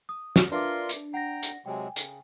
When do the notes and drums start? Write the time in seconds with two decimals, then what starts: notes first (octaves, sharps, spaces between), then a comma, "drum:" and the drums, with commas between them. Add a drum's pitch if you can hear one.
0.09 D#6
0.36 drum: snare
0.52 D4 F4 A#4 B4 E5 C6 D6
0.89 drum: hi-hat
1.14 F#5 G5 A#5 A#6
1.43 drum: hi-hat
1.66 C3 F#3 G#3 G5 G#5
1.96 C#3, drum: hi-hat